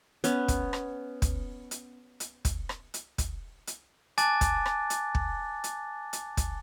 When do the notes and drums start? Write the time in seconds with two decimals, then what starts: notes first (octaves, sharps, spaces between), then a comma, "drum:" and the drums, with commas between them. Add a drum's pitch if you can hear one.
0.24 B3 C#4, drum: hi-hat
0.48 drum: kick, hi-hat
0.73 drum: rim click
1.22 drum: kick, hi-hat
1.71 drum: hi-hat
2.20 drum: hi-hat
2.45 drum: kick, hi-hat
2.69 drum: rim click
2.94 drum: hi-hat
3.18 drum: kick, hi-hat
3.67 drum: hi-hat
4.18 G#5 A5 D6 F#6 A6, drum: hi-hat
4.41 drum: kick, hi-hat
4.66 drum: rim click
4.90 drum: hi-hat
5.15 drum: kick
5.64 drum: hi-hat
6.13 drum: hi-hat
6.37 drum: kick, hi-hat